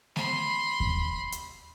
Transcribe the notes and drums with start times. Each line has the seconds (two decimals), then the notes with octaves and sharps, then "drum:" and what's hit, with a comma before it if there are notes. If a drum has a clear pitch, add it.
0.16 B5 C6, drum: snare A3
0.80 drum: kick D#2
1.32 drum: hi-hat